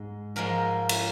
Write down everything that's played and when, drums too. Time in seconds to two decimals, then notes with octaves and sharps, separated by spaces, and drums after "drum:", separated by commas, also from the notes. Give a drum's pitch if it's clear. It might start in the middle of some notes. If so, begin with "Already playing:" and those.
Already playing: G#2 G#3
0.36 G#2 F3 G#3 A#4
0.89 drum: cymbal